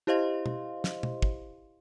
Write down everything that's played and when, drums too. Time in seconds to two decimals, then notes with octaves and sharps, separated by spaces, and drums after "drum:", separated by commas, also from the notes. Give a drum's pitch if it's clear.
0.07 E4 G4 C5 D#5 F5 C6
0.46 drum: tom
0.84 drum: snare
1.03 drum: tom
1.22 drum: kick